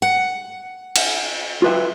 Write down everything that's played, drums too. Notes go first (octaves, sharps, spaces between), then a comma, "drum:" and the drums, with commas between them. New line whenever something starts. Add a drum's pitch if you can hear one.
F#5
drum: cymbal
F4 B4 E5